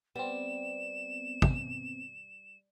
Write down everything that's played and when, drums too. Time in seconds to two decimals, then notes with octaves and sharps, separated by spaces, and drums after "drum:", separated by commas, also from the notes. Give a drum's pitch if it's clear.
0.16 G3 B3 C4 E7
1.42 drum: kick